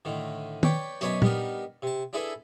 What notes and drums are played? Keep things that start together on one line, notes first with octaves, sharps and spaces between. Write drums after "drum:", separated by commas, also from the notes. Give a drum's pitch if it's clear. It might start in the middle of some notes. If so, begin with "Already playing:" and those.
A2 D3 D#3
B4 C#5 D5 G5, drum: tom
F#2 B2 C#5 D5 G#5 B5, drum: hi-hat
G3 B3 D4 D#4 A#4, drum: tom
C3 A5
D4 E4 G#4 A4 B4 E5